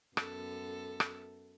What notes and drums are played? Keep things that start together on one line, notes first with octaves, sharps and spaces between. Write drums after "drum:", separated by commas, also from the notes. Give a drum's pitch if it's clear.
F#2 B3 A4, drum: rim click
drum: rim click